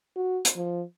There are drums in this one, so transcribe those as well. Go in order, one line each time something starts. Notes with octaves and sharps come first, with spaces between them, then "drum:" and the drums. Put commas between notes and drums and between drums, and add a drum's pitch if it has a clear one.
F#4
drum: hi-hat
F3